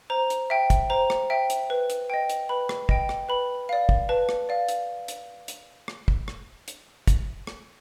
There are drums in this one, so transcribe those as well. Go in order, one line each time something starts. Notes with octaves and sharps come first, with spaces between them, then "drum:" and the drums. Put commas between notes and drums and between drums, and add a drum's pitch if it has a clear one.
C5 A#5
drum: hi-hat
E5 G5
drum: kick, hi-hat
C5 A#5
drum: rim click
E5 G5
drum: hi-hat
B4
drum: hi-hat
D#5 G5
drum: hi-hat
B4 B5
drum: rim click
D#5 G5, drum: kick
drum: rim click
B4 B5
D5 F5
drum: kick
B4 A5
drum: rim click
D5 F5
drum: hi-hat
drum: hi-hat
drum: hi-hat
drum: rim click
drum: kick
drum: rim click
drum: hi-hat
drum: kick, hi-hat
drum: rim click